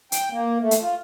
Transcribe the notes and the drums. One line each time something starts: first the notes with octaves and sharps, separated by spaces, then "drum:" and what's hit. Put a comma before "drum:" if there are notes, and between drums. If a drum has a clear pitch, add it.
G5, drum: hi-hat
A#3
A3
drum: hi-hat
F4